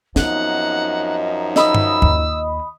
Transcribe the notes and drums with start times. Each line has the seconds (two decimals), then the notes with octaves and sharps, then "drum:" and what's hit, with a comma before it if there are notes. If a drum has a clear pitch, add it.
0.16 F#2 F3 B3 C4 D#4 F#5, drum: snare
1.56 D#5 B5 D#6 E6, drum: snare
1.75 drum: tom G2
2.02 D#2 F4, drum: tom G2